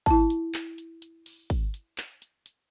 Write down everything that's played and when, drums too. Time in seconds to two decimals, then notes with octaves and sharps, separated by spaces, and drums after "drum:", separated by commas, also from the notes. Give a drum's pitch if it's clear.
0.06 E4 A5, drum: kick, open hi-hat
0.30 drum: hi-hat
0.54 drum: clap
0.78 drum: hi-hat
1.02 drum: hi-hat
1.26 drum: open hi-hat
1.50 drum: kick, open hi-hat
1.74 drum: hi-hat
1.98 drum: clap
2.22 drum: hi-hat
2.46 drum: hi-hat